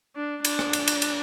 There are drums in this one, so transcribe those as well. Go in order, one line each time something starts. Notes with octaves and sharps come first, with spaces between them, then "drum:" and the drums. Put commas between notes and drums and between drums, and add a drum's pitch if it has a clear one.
D4
D4, drum: cymbal
drum: rim click
drum: cymbal
drum: cymbal
drum: cymbal